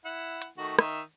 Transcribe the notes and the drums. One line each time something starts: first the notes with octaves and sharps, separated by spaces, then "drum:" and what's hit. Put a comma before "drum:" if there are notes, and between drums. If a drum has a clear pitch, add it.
E4 F#5
drum: hi-hat
D#3 A3 F#4
D#3 D#4 E5, drum: rim click